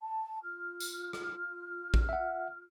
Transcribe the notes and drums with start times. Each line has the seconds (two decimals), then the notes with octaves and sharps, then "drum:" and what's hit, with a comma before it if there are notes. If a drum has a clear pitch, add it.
0.01 A5
0.42 F4 F6
0.80 drum: tambourine
1.13 drum: rim click
1.94 drum: kick A1
2.09 E5 F#5